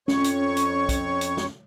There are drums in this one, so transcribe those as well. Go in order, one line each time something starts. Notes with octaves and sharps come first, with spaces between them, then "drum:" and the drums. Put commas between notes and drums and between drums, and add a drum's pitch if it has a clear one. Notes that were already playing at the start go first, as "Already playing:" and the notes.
F2 C#4 C#5 C#6, drum: snare
drum: hi-hat
drum: hi-hat
drum: kick, hi-hat
drum: hi-hat
drum: snare